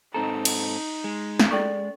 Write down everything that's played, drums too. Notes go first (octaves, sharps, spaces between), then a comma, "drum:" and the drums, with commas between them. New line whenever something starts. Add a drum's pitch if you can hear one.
G#2 C4 D#4 A4 A#5
drum: cymbal
G#3
drum: snare
C#4 A4 D5 C#6